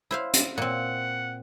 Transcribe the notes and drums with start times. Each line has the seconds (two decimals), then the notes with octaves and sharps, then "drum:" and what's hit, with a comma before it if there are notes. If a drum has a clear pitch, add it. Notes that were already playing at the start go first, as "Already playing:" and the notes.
0.11 E4 C5 F5
0.34 drum: hi-hat
0.58 A#2 C4 F#5